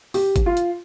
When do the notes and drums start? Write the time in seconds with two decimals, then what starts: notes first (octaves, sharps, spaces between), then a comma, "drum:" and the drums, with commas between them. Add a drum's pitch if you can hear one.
0.14 G4, drum: open hi-hat
0.36 drum: kick G1, hi-hat
0.46 F4
0.57 drum: hi-hat